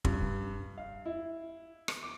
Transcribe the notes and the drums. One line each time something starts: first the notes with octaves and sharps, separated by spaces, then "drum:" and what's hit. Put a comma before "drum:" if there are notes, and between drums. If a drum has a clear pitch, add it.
G2, drum: kick
F5
E4
drum: rim click
D6